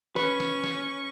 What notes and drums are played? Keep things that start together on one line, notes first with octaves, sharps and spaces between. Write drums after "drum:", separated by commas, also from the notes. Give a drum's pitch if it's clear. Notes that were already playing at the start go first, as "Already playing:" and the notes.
C#4 B4 C#6, drum: snare
drum: snare
drum: snare